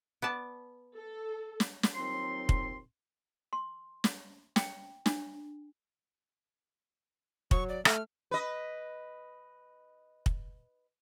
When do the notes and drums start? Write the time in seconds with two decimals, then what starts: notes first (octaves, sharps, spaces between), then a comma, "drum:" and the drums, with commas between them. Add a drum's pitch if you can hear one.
0.22 B3 D5 A5
0.96 A4
1.60 drum: snare
1.83 drum: snare
1.95 D#2 F3 F#3 C4 D#4 C6
2.49 drum: kick
3.53 C6
4.04 drum: snare
4.56 G5, drum: snare
5.06 D4, drum: snare
7.51 F#3 C#6, drum: kick
7.69 D5
7.85 A3 F6, drum: rim click
8.31 B4 D#5
10.26 drum: kick